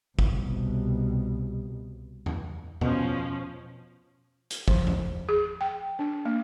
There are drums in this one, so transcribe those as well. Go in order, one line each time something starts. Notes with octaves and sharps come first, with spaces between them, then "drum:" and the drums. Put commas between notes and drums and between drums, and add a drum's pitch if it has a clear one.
C2 B2, drum: kick
drum: tom E2
B2 F3 C#4, drum: tom E2
drum: hi-hat
F3, drum: kick
drum: tom E2
G#4
G5
D4
A#3